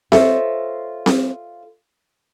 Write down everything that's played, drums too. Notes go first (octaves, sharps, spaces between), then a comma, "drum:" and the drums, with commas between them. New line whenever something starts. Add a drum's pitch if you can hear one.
F4 A4 C5 C#5 D#5 E5, drum: snare C4
drum: snare C4